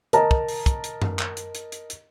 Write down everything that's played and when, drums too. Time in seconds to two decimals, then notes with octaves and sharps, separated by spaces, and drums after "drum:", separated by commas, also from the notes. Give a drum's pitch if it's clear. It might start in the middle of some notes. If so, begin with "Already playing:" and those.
0.13 A#4 D#5 A5 A#5, drum: hi-hat
0.31 drum: kick
0.48 drum: open hi-hat
0.66 drum: kick, hi-hat
0.84 drum: hi-hat
1.02 drum: tom F#2
1.19 drum: clap
1.37 drum: hi-hat
1.55 drum: hi-hat
1.72 drum: hi-hat
1.90 drum: hi-hat